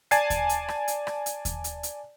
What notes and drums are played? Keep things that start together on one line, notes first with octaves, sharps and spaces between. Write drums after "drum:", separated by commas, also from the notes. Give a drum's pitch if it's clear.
D5 G#5 A5 G#6 A6 C7, drum: hi-hat
drum: kick D#2, hi-hat
drum: hi-hat
drum: rim click
drum: hi-hat
drum: rim click
drum: hi-hat
drum: kick D#2, hi-hat
drum: hi-hat
drum: hi-hat